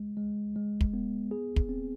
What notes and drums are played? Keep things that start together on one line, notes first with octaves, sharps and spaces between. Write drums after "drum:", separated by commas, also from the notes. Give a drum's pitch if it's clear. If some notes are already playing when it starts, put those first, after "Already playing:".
Already playing: G#3
G#3
G#3
drum: kick
B3
G#4
drum: kick
C4